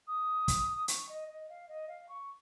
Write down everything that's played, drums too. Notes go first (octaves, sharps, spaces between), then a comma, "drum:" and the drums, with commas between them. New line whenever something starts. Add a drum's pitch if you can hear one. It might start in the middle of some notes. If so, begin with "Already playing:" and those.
D#6
drum: kick, hi-hat
C#6, drum: hi-hat
D#5
D#5
F5
D#5
F5
C#6